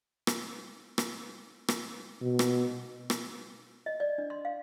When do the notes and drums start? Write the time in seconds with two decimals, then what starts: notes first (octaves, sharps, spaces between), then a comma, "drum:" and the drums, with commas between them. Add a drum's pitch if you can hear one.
0.27 drum: rim click
0.98 drum: rim click
1.68 drum: rim click
2.21 B2
2.39 drum: rim click
3.10 drum: rim click
3.86 D#5
4.00 D5
4.18 D4
4.30 C6
4.45 F5